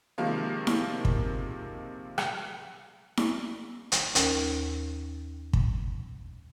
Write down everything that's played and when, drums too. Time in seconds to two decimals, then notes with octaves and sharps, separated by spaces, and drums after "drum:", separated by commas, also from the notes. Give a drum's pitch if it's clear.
0.18 C3 D#3 F3 G#3 A#3
0.67 drum: snare E4
1.05 drum: kick
2.18 drum: rim click
3.17 drum: snare E4
3.92 drum: hi-hat
4.15 D#2 C#4 A#4, drum: hi-hat
5.53 drum: kick